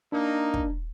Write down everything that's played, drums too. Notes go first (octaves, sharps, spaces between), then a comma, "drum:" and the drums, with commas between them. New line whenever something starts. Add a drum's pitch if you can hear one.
A#3 D4 D#4
drum: kick